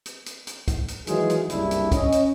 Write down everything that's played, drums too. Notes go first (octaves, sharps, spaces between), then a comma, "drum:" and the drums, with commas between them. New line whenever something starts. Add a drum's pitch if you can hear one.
drum: hi-hat
drum: hi-hat
drum: hi-hat
drum: kick, hi-hat
drum: hi-hat
D#3 E3 F#3 G#3 F4 G#4, drum: hi-hat
drum: hi-hat
F#1 C2 G2 D4 E4, drum: hi-hat
drum: hi-hat
C#4 D#5, drum: kick, hi-hat
drum: hi-hat